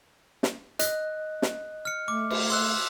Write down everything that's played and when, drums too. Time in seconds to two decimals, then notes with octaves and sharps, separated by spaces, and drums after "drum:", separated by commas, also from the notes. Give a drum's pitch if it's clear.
0.43 drum: snare
0.79 D#5 F#6, drum: hi-hat
1.42 drum: snare
1.85 F6 C#7
2.08 A3 D6
2.30 drum: cymbal
2.50 C6 E6 F#6